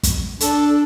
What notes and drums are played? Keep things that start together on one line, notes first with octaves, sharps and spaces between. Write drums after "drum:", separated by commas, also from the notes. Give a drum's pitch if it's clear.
drum: kick, hi-hat
D4 A4, drum: hi-hat